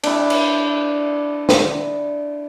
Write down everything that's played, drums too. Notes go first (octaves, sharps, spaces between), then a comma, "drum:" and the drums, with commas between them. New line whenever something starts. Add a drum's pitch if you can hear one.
D4 E4, drum: cymbal
drum: cymbal
drum: snare